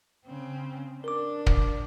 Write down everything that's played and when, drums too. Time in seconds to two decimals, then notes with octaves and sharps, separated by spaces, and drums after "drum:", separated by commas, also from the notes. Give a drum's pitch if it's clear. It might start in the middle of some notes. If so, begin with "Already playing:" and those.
0.26 C#3 C4
1.04 D4 A#4 D6
1.47 drum: kick